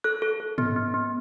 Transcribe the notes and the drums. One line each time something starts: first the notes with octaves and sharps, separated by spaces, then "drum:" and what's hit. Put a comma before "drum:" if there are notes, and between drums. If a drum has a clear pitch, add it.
A4 F#6
A4
A4
B3, drum: tom G#2
B3
B3